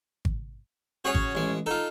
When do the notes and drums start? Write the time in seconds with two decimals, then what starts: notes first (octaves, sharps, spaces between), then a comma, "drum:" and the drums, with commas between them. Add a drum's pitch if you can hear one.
0.25 drum: kick G#1
1.05 C#4 F#4 G#4 C#5
1.15 drum: kick G#1
1.35 A1 G#3
1.66 D#4 F4 A4